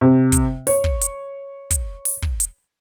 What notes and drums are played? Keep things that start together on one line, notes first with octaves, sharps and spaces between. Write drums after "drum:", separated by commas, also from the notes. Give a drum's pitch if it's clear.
C3
drum: kick, hi-hat
C#5, drum: open hi-hat
drum: kick
drum: hi-hat
drum: kick, hi-hat
drum: open hi-hat
drum: kick
drum: hi-hat